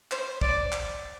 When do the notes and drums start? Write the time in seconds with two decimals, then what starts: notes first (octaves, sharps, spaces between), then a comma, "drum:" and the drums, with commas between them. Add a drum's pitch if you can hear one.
0.11 C5, drum: clap
0.41 D5, drum: kick
0.72 drum: clap